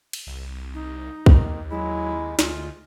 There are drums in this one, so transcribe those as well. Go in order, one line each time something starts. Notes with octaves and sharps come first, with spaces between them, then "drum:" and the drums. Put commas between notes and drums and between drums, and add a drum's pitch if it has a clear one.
drum: cymbal
C2
D#4
D#2 D#3, drum: kick B1
F#3 G#3 E4
D2 G#3 F4, drum: snare